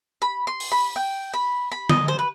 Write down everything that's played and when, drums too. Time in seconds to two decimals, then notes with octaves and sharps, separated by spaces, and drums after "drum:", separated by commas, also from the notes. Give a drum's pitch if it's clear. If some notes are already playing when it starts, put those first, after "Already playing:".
0.22 B5
0.47 C6
0.60 drum: open hi-hat
0.72 B5
0.96 G5
1.34 B5
1.72 B5
1.89 D#5, drum: tom
2.08 C5
2.19 B4